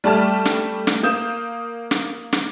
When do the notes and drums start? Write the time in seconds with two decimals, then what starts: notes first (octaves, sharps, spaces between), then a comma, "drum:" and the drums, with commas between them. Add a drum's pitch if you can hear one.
0.04 G3 A3 D5 A5 F6
0.45 drum: snare
0.87 drum: snare
1.03 A#3 D#6 G6 E7
1.91 drum: snare
2.33 drum: snare